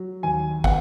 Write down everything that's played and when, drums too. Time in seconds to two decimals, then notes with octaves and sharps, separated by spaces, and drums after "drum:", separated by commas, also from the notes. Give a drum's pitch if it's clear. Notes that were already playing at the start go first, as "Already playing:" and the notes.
Already playing: F#3
0.23 D#2 G#5
0.64 B3 F#5, drum: kick